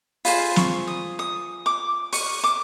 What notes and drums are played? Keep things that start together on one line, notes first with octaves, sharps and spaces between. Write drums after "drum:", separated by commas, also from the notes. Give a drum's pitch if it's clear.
F4 G#4 C5 B5, drum: open hi-hat
C#6, drum: snare
D#6
D#6
D6
C#6, drum: open hi-hat
D6